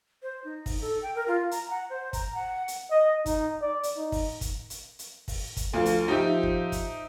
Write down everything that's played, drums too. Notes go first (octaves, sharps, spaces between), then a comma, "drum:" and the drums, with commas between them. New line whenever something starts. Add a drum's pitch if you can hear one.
C5
D#4
drum: kick, open hi-hat
A4
G5
A#4
F4
A#5, drum: hi-hat
F#5
C5
A#5, drum: kick, hi-hat
F#5
drum: hi-hat
D#5
D#4, drum: kick, hi-hat
D5
drum: hi-hat
D#4
drum: kick, open hi-hat
drum: kick, hi-hat
drum: hi-hat
drum: hi-hat
drum: kick, open hi-hat
drum: kick, hi-hat
D2 F3 A4 F5
drum: hi-hat
F3 D#4 G4 E5
drum: kick
drum: kick, hi-hat